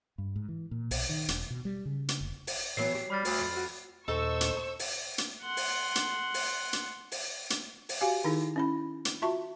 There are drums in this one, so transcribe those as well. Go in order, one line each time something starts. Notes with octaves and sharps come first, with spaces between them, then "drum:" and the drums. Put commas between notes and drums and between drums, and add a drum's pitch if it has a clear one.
G2
G#2
E3
A#2
B1, drum: open hi-hat
D#3
E1, drum: hi-hat
B2
G3
C#3
drum: hi-hat
F1
drum: open hi-hat
E3 F#3 B3 C7
F#3 G4
G3 B5 F6 A6
D2, drum: open hi-hat
F2
F#4
D#2 A#2 D#4 A4 C5 C#6 E6
drum: hi-hat
drum: open hi-hat
drum: hi-hat
F#5 C6
drum: open hi-hat
drum: hi-hat
drum: open hi-hat
drum: hi-hat
drum: open hi-hat
drum: hi-hat
drum: open hi-hat
F#4 G4 F5 G#5
D#3 D#4 E4 G#4
C#4 E4 B5
drum: hi-hat
F4 F#4 E5 A5 C#6